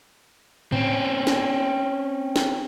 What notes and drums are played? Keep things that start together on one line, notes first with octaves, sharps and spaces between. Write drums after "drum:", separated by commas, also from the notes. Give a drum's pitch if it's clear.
C4 C#4, drum: tom G#2
drum: snare
drum: snare